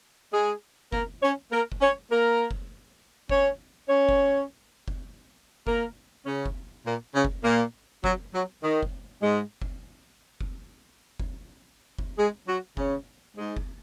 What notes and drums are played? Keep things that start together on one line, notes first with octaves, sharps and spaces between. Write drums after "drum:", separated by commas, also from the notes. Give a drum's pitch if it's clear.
G#3 G#4
A#3 A#4, drum: kick F#1
C#4 C#5
A#3 A#4
drum: kick F#1
C#4 C#5
A#3 A#4
drum: kick F#1
C#4 C#5, drum: kick F#1
C#4 C#5
drum: kick F#1
drum: kick F#1
A#3 A#4, drum: kick F#1
C#3 C#4
drum: kick F#1
A#2 A#3
C#3 C#4
drum: kick F#1
A#2 A#3
F#3, drum: kick F#1
F#3
D#3
drum: kick F#1
G#2 G#3
drum: kick F#1
drum: kick F#1
drum: kick F#1
drum: kick F#1
G#3 G#4
F#3 F#4
C#3 C#4, drum: kick F#1
G#2 G#3
drum: kick F#1